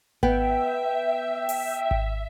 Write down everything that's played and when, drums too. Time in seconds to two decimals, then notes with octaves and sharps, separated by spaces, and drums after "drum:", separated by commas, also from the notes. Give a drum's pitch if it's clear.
0.23 B3 E5 G5, drum: kick G#1
1.49 drum: open hi-hat
1.91 drum: kick G#1